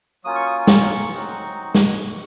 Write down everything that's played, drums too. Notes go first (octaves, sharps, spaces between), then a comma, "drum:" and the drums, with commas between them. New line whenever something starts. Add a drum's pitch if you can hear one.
F#3 A#3 C#4 F4 D#6
C#6
D#6
C#6, drum: snare
F#3 C4 D#4 F#4
drum: snare